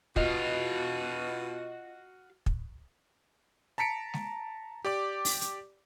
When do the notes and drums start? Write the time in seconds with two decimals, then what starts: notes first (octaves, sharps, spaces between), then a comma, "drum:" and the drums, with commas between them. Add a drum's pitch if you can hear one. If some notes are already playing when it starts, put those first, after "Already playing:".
0.16 B2 F4 F#4 D#5 F5, drum: kick
2.46 drum: kick
3.78 A5 A#5 B6 C#7 D7
4.14 drum: snare G#3
4.85 G4 D5 D6
5.25 drum: open hi-hat
5.41 drum: hi-hat